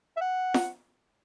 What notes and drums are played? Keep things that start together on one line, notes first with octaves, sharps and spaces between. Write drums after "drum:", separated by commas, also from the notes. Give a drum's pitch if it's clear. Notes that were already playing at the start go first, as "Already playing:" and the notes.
E5
F#5
drum: snare F4